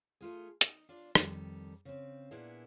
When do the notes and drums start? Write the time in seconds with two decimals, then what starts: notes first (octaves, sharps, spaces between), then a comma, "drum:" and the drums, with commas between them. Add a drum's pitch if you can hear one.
0.21 A3 F4 G#4
0.61 D#4, drum: hi-hat
0.89 D4 F4 D5
1.15 F2 D#3 G3, drum: rim click
1.85 C#3 C4
2.31 A#2 A#3 B3 D4 E4 G#4